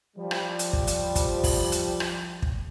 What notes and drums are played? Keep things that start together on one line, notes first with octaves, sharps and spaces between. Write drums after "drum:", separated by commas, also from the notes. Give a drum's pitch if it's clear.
F3 G3
drum: rim click
drum: hi-hat
drum: kick
drum: hi-hat
drum: kick, hi-hat
drum: kick, open hi-hat
drum: hi-hat
drum: rim click
drum: kick